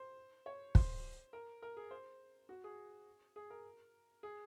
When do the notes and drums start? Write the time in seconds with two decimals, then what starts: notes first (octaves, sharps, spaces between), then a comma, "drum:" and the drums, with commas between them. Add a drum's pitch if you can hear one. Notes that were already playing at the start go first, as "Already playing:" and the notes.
Already playing: C5
0.46 C#5
0.75 C5, drum: kick
1.33 A#4
1.62 A#4
1.77 G#4
1.91 C5
2.49 F#4
2.64 G#4
3.36 G#4
3.50 A#4
4.23 G#4